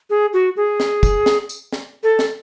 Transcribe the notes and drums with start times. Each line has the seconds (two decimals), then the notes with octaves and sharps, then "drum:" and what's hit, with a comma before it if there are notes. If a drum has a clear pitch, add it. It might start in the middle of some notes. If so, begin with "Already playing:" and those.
0.10 G#4
0.33 F#4
0.57 G#4
0.80 drum: snare
1.03 drum: kick, tambourine
1.26 drum: snare
1.49 drum: tambourine
1.73 drum: snare
2.03 A4
2.19 drum: snare